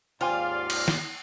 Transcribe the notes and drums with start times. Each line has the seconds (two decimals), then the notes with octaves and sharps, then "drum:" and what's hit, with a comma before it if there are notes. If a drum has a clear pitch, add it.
0.21 D#2 G#2 F4 C5 D5 F5 G5 G#5
0.70 drum: cymbal
0.88 drum: snare